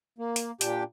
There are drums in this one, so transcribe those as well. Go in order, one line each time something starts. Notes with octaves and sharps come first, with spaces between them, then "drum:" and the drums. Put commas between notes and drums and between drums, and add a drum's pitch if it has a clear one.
A#3
drum: hi-hat
A#2 D4 G4 G5, drum: hi-hat